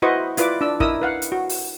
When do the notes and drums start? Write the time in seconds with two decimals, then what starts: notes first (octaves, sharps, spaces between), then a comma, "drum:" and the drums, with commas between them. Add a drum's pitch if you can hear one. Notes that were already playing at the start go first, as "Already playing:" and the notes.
0.02 E4 F#4 B4 C5 D#5 C#6
0.37 E4 F4 B4 D5 D6, drum: hi-hat
0.61 D4 E6
0.80 D#4 E4 A#4 D#6 E6, drum: kick
1.02 B4 F5 F#5
1.22 drum: hi-hat
1.32 F#4
1.49 drum: open hi-hat